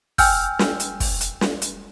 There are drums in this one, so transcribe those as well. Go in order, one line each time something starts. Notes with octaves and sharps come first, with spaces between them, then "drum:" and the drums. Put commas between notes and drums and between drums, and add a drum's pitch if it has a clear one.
G5 G#5 E6 F6 G6, drum: kick, open hi-hat
drum: snare
drum: hi-hat
drum: kick, open hi-hat
drum: hi-hat
drum: snare
drum: hi-hat